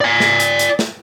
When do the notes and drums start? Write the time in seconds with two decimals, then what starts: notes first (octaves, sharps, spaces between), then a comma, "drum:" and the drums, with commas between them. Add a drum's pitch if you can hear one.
0.01 D5 G#5
0.20 drum: snare
0.40 drum: hi-hat
0.59 drum: hi-hat
0.79 drum: snare